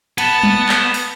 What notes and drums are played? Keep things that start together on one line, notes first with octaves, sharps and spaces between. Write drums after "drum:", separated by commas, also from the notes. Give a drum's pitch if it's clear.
B3 A5, drum: hi-hat
drum: tom
drum: clap
drum: open hi-hat